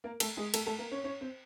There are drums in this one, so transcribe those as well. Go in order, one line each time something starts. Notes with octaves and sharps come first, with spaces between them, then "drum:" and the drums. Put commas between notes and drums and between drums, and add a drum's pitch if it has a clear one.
A#3 A#4
A3 A4, drum: cymbal
G#3 G#4
A3 A4, drum: cymbal
A3 A4
A#3 A#4
C#4 C#5
C#4 C#5
C4 C5